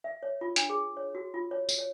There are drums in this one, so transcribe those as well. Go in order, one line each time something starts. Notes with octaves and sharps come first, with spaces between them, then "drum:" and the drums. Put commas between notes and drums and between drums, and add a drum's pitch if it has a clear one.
E5
C#5
F4
D4, drum: hi-hat
G#4
C#5
F#4
F4
C#5
drum: tambourine
C#5